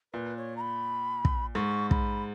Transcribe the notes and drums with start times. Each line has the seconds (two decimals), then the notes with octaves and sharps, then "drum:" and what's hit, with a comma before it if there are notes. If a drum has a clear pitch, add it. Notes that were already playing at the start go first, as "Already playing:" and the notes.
0.13 A#2 B4
0.37 C#5
0.57 A#5
0.61 B5
1.25 drum: kick
1.55 G#2 C#6
1.91 B5, drum: kick